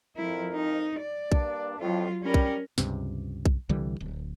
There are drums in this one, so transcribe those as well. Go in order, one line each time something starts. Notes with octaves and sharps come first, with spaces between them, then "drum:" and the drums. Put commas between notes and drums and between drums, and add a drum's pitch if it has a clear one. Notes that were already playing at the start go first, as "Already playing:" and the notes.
F2 F3 E4 A#4
D#4
D5
G2 A#3 D4, drum: kick B1
F2 A2 F#3 F4
G3 C#4 A#4
drum: kick B1
C#2 G2 C3, drum: snare
drum: kick B1
C2 D3 E3 G3
D1